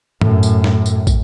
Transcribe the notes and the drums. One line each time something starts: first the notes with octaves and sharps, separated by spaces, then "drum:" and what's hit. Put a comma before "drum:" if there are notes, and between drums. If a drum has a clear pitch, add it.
F#2 A2, drum: tom G2
drum: tambourine
drum: snare
drum: tambourine
drum: kick, tambourine